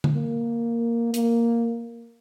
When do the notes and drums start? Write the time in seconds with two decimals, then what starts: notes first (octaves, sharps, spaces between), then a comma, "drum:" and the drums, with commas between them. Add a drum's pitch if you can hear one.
0.04 drum: tom D3
0.14 A#3
1.14 A#3, drum: hi-hat